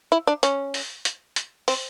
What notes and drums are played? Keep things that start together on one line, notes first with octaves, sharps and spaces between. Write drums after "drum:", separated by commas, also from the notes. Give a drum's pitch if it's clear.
E4
D4
C#4, drum: hi-hat
drum: open hi-hat
drum: hi-hat
drum: hi-hat
C4, drum: open hi-hat